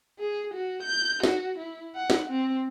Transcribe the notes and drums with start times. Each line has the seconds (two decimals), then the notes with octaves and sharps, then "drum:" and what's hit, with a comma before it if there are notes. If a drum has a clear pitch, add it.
0.19 G#4
0.54 F#4
0.83 G6
1.23 F#4, drum: snare
1.59 E4
1.95 F#5
2.10 drum: snare
2.30 C4